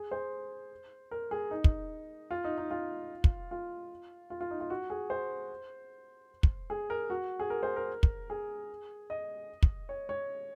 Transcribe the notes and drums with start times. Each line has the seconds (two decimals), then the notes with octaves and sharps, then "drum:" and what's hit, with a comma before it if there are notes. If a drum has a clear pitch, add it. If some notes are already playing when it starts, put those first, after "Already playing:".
Already playing: G#4
0.11 C5
1.11 A#4
1.31 G#4
1.51 D#4
1.64 drum: kick
2.31 F4
2.44 D#4
2.58 D#4
2.71 F4
3.24 drum: kick
3.51 F4
4.30 F4
4.41 F4
4.51 D#4
4.60 F4
4.70 F#4
4.90 G#4
5.10 C5
6.43 drum: kick
6.70 G#4
6.90 A#4
7.10 F#4
7.39 G#4
7.50 A#4
7.63 C5
7.76 A#4
8.03 drum: kick
8.30 G#4
9.10 D#5
9.63 drum: kick
9.89 C#5
10.09 C#5